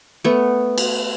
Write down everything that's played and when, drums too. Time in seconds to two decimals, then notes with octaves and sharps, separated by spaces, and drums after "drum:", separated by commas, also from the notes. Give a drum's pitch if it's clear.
0.24 A3 B3
0.78 drum: cymbal